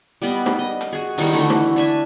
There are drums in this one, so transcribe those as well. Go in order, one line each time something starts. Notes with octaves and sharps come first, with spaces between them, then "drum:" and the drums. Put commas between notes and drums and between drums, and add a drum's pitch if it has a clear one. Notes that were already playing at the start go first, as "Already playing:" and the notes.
G3 B3 D5 D#5
drum: snare
D#5
drum: hi-hat
F#4 G#4
D#3 G3 E4, drum: open hi-hat
D3 E3 A3 F#4
drum: snare
D4 E5 G#5